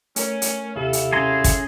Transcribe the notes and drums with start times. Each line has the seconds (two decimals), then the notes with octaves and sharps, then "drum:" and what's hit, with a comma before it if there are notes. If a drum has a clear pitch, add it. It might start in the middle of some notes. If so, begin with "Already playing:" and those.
0.16 A3 C#4 A#4, drum: hi-hat
0.42 drum: hi-hat
0.76 D#2 C3 E4 G4 A4 F5
0.93 drum: hi-hat
1.13 C#4 G#4 A#5 C6
1.44 drum: kick, hi-hat